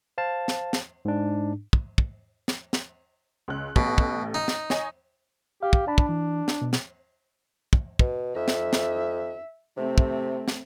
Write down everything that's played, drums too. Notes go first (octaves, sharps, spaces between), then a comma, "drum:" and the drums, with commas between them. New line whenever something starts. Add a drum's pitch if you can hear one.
C5 F5 A5
drum: snare
drum: snare
G#2 D4
drum: kick
drum: kick
drum: snare
drum: snare
C#2 F#6
A1 B2 A3, drum: kick
drum: kick
D#4
drum: snare
C#5 D#5 G#5, drum: snare
G4 F5
drum: kick
D4 D5 A5 B5
drum: kick
E3
drum: snare
B2
drum: snare
drum: kick
B2, drum: kick
F2 E5
drum: snare
drum: snare
C3 A3 C4
drum: kick
drum: snare